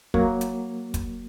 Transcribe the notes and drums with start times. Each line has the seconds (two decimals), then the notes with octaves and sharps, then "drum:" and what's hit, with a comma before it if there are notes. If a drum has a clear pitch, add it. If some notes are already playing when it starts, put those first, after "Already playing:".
0.14 F#3 A#3, drum: kick
0.41 drum: hi-hat
0.94 drum: kick, hi-hat